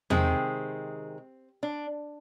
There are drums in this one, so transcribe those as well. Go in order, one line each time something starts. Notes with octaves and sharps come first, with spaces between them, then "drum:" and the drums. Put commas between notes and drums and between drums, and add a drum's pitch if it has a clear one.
C3 D#3 G#3 C4, drum: tom E2
D4